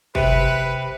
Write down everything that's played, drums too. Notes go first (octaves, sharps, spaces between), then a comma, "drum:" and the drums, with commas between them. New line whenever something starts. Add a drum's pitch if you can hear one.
C3 B4, drum: kick G1